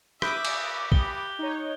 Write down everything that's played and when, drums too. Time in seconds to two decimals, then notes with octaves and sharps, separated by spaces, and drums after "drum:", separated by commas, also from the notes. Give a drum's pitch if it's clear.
0.22 E5 B5 D6 D#6 F#6 G6 D7, drum: rim click
0.45 drum: cymbal
0.92 G4 G7, drum: kick
1.39 D#4 C#5